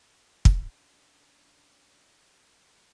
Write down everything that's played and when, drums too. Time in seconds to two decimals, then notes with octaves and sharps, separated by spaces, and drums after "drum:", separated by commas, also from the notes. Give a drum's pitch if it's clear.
0.45 C#4 D4, drum: kick